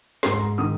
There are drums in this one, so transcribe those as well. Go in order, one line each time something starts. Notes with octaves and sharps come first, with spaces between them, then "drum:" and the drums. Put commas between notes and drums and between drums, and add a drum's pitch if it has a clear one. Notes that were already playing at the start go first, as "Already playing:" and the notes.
G#2 A#5, drum: snare
C6
A#5
D#3 D#6